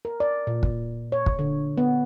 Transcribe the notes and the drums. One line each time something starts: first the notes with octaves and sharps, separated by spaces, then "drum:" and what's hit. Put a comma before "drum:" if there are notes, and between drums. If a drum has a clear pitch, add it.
A#4
D5
A#2
drum: kick
C#5
drum: kick
D3
B3